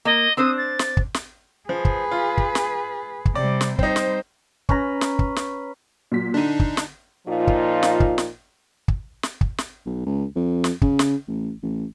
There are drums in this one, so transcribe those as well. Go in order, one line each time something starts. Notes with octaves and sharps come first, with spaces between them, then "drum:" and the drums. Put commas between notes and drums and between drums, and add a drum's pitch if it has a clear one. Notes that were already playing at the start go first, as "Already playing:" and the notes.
A#3 D#5
C4 D4 C5 D#6
A6
drum: snare
drum: kick
drum: snare
F3 G#4 B4
drum: kick
F4
drum: kick
drum: snare
drum: kick
C3 G3 D5
drum: snare
G3 C4 D#4 C5, drum: kick
drum: snare
C#4 B4 A#5, drum: kick
drum: snare
drum: kick
drum: snare
A#2 F#3 B6
D3 D4 D#4 D#7
drum: kick
drum: snare
A#2 F3 D#4 F4
drum: kick
drum: snare
drum: kick
drum: snare
drum: kick
drum: snare
drum: kick
drum: snare
B1
C#2
F2
drum: snare
C#3, drum: kick
drum: snare
A1
A1